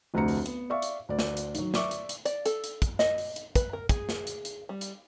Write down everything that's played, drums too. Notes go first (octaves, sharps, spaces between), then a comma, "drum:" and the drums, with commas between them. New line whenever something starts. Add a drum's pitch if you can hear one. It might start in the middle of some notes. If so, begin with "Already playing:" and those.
F1 D2 D4 A#5 C#7
drum: open hi-hat
B3, drum: hi-hat
D5 E5 F5 C#6
drum: hi-hat
D2 D5
drum: snare
drum: hi-hat
D#3 F#3, drum: hi-hat
D5 E5 C#6 D6, drum: snare
drum: hi-hat
drum: hi-hat
D5, drum: hi-hat
A4, drum: hi-hat
drum: hi-hat
drum: kick, hi-hat
D#5, drum: snare
drum: open hi-hat
drum: hi-hat
B4, drum: kick, hi-hat
A#4
G#4, drum: kick, hi-hat
drum: snare
drum: hi-hat
drum: hi-hat
G3
drum: hi-hat